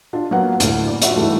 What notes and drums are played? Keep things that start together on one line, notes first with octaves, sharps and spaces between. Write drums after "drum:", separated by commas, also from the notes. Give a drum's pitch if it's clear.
D4 F4 F5
F#3 A#3 B3 F#5
D2 A2, drum: hi-hat
D5
F4 F#4 E5, drum: hi-hat
G#2 E3 G3 A3